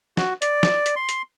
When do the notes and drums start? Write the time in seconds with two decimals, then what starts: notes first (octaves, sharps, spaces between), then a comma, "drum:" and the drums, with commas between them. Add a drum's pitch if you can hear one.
0.17 F#4, drum: snare
0.42 D5, drum: hi-hat
0.63 drum: snare
0.86 drum: hi-hat
0.96 C6
1.09 drum: hi-hat